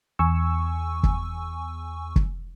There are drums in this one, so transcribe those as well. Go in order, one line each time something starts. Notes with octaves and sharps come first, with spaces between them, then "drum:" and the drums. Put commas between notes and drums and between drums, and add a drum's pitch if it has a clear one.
E2 G#5 C#6 E6
drum: kick
drum: kick